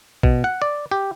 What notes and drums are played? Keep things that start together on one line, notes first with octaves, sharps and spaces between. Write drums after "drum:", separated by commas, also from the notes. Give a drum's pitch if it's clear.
B2, drum: kick
F#5
D5
G4